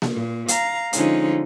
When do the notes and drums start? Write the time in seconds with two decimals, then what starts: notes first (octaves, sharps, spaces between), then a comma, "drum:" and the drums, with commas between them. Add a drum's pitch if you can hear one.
0.02 drum: snare A#3
0.13 A#2
0.48 F5 A#5, drum: hi-hat
0.93 D3 F3 G#3 C#4 D#4, drum: hi-hat